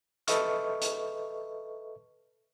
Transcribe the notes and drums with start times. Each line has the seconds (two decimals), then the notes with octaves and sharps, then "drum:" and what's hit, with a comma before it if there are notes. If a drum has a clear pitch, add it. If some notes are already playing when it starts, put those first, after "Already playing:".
0.27 A4 B4 D#5 E5 C#6 F6, drum: hi-hat
0.81 drum: hi-hat